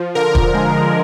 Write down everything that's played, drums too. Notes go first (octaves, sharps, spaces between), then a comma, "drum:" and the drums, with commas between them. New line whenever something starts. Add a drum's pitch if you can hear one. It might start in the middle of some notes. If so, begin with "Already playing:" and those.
Already playing: F3
D3 A#4
drum: kick
G#3